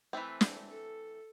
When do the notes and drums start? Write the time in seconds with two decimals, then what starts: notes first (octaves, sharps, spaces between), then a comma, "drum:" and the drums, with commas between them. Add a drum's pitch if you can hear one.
0.13 E3 A3 C4 B4
0.41 drum: snare
0.68 A4